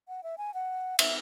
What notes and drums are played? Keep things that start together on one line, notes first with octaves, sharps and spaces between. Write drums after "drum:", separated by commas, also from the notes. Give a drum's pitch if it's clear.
F#5
E5
G#5
F#5
E5, drum: cymbal